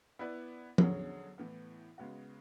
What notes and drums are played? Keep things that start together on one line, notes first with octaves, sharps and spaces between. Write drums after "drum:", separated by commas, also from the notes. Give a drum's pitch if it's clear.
B3 E4 B4 D5
D3 F#3 C#4 G#4, drum: tom F3
A2 E3 B3
C#3 G#3 B3 F#4